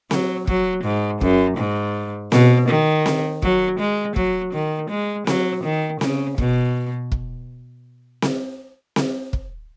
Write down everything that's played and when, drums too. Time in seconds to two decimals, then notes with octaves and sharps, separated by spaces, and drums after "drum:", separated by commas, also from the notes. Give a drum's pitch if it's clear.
0.11 F#3, drum: snare C4
0.47 F#3, drum: kick
0.84 G#2
1.21 F#2, drum: kick
1.58 G#2
2.32 B2, drum: snare C4
2.68 D#3
3.06 drum: snare C4
3.42 F#3, drum: kick
3.79 G#3
4.16 F#3, drum: kick
4.53 D#3
4.90 G#3
5.27 F#3, drum: snare C4
5.64 D#3
6.01 C#3, drum: snare C4
6.38 B2, drum: kick
7.12 drum: kick
8.22 drum: snare C4
8.96 drum: snare C4
9.33 drum: kick